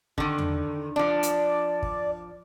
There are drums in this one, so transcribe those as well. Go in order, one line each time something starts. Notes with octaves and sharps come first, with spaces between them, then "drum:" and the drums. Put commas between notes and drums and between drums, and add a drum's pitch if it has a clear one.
D3 D#3, drum: kick
drum: tom E2
F3 D4 D5
drum: hi-hat
drum: kick